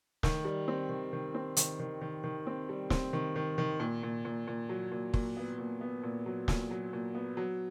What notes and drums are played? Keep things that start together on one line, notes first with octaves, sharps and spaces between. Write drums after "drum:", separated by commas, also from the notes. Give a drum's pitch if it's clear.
D#3, drum: snare
G3
C4
D#3
D#3
C4
D#3, drum: hi-hat
D#3
D#3
D#3
C4
G3
C4, drum: snare
D#3
D#3
D#3
A#2
A#2
A#2
A#2
F#3
A#2
A#2, drum: kick
B3
A#2
B3
A#2
F#3
A#2, drum: snare
F#3
A#2
B3
F#3